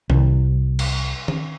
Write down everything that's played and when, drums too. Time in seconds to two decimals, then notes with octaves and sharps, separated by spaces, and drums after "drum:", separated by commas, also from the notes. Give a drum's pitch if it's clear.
0.10 C2, drum: tom D#3
0.79 drum: cymbal
1.28 drum: tom D#3